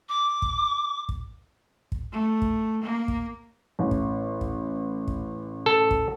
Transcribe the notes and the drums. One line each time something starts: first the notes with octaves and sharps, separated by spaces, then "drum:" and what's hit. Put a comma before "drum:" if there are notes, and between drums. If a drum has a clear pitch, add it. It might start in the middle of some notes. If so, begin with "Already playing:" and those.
D6
drum: kick
drum: kick
drum: kick
A3
drum: kick
A#3
drum: kick
A1
drum: kick
drum: kick
drum: kick
A4
drum: kick